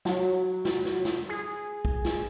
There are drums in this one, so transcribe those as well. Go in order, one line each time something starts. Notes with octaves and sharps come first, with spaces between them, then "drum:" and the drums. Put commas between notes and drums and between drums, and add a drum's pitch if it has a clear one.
F#3, drum: snare
drum: snare
drum: snare
drum: snare
G#4
drum: kick
drum: snare